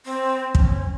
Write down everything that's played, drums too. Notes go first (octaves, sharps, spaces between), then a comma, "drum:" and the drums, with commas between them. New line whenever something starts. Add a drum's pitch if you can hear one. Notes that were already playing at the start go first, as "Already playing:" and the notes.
C4
C#4, drum: kick